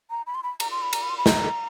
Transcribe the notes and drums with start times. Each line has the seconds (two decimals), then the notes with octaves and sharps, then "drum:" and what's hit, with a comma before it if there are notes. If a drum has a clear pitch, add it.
0.10 A#5
0.27 B5
0.35 C6
0.43 B5
0.60 A#5, drum: cymbal
0.71 C6
0.82 B5
0.93 A#5, drum: cymbal
1.02 B5
1.10 C6
1.18 B5
1.26 A#5, drum: snare